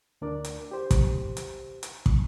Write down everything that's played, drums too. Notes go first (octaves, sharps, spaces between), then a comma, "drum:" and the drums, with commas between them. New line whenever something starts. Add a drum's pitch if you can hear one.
D2 D4 A#4 D5
drum: hi-hat
G4 C5
drum: kick, hi-hat
drum: hi-hat
drum: hi-hat
drum: kick